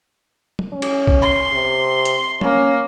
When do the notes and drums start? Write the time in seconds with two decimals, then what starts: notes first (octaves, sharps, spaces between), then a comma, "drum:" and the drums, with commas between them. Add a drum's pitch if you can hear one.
0.59 drum: tom F#3
0.73 C#4
0.82 drum: cymbal
1.07 drum: kick B1
1.22 C6
1.53 C3
2.05 drum: hi-hat
2.41 A#3 C#4, drum: tom F#3